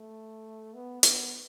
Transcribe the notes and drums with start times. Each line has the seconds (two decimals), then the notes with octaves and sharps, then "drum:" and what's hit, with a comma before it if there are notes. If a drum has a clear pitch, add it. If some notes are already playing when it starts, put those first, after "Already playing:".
Already playing: A3
0.74 B3
1.03 B3, drum: hi-hat